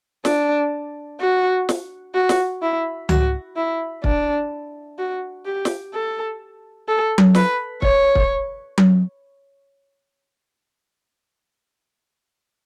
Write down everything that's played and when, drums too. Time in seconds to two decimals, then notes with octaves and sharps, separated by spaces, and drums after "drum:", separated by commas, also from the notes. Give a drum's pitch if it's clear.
0.25 D4, drum: snare
1.20 F#4
1.69 drum: snare
2.14 F#4
2.29 drum: snare
2.62 E4
3.09 F#4, drum: tom C#2
3.56 E4
4.04 D4, drum: kick
4.98 F#4
5.45 G4
5.65 drum: snare
5.94 A4
6.88 A4
7.18 drum: tom F#3
7.35 B4, drum: snare
7.82 C#5, drum: kick
8.15 drum: kick
8.78 drum: tom F#3